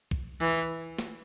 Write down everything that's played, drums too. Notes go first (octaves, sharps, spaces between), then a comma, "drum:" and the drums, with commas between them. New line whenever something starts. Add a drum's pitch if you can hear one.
drum: kick
E3, drum: hi-hat
drum: snare